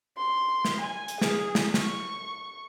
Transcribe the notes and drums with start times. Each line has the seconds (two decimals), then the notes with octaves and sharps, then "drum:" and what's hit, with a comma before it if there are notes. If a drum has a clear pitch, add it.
0.18 C6
0.65 drum: snare
0.81 G#5
1.08 drum: hi-hat
1.21 G#4, drum: snare
1.55 drum: snare
1.74 C#6, drum: snare